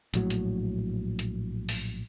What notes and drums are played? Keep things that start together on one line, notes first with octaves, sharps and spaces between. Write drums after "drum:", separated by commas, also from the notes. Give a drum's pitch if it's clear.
A#1 A2 F#3, drum: hi-hat
drum: hi-hat
drum: hi-hat
drum: open hi-hat